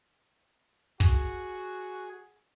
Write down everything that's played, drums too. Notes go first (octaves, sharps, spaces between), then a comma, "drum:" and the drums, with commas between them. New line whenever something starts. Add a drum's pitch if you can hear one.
F#4 G#4, drum: kick